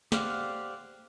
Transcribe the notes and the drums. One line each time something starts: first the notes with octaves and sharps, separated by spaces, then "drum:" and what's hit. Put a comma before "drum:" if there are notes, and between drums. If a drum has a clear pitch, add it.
G4 C5 D5 F5 F#5, drum: snare